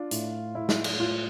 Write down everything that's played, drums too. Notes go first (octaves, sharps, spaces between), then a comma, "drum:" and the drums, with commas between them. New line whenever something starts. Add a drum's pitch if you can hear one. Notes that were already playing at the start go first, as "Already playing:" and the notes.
Already playing: D4 F4
A2, drum: hi-hat
A2 E4
drum: snare
drum: cymbal
A2 F4